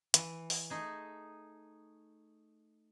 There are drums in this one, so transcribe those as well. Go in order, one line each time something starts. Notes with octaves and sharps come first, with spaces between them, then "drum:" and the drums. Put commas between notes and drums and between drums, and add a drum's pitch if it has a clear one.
E3, drum: hi-hat
drum: open hi-hat
A3 D#4 G#4